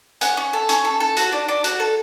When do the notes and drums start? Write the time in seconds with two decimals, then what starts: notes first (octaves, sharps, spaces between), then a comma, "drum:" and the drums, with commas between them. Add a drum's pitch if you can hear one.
0.21 C#4 F#5, drum: hi-hat
0.37 C#4
0.53 A4
0.69 C#4, drum: hi-hat
0.85 A4
1.00 A4
1.17 F#4, drum: hi-hat
1.32 D4
1.48 D4
1.64 F#4, drum: hi-hat
1.80 A4